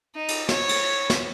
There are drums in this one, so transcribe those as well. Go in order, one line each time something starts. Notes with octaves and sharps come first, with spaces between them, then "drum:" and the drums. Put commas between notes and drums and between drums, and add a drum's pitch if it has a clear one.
D#4
drum: cymbal
C#5, drum: snare
drum: cymbal
drum: snare